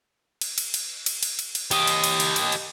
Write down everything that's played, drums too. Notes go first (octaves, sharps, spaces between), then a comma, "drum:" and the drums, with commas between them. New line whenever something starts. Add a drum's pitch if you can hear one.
drum: cymbal
drum: cymbal
drum: cymbal
drum: cymbal
drum: cymbal
drum: cymbal
drum: cymbal
G4 D#5, drum: cymbal
drum: cymbal
drum: cymbal
drum: cymbal
drum: cymbal
drum: cymbal